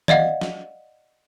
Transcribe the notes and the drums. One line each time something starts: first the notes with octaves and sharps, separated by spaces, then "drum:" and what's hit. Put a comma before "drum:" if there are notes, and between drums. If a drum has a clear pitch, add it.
D5 D#5 F5 F#5, drum: tom D#3
drum: snare